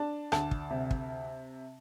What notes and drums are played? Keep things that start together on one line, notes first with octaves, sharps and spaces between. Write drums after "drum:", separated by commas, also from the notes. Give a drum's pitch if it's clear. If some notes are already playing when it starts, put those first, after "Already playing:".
Already playing: D4 A5
D2 A5, drum: rim click
drum: kick
C3
drum: kick